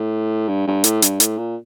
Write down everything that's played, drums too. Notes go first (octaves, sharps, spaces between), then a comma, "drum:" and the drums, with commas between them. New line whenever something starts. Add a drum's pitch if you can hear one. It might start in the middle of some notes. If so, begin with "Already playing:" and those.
Already playing: A2
G2
G2
A2, drum: hi-hat
G2, drum: hi-hat
A2, drum: hi-hat
A#2